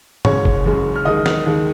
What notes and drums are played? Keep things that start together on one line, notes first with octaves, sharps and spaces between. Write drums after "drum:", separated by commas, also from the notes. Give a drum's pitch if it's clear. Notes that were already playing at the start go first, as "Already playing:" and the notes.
F#1 F#2 C#3 G#3 C#5 C#6, drum: tom
drum: kick F#1
F#1 F#2 C#3 G#3
F6
D#2 D#3 G#3 D#5 D#6
drum: snare
D#2 D#3 G#3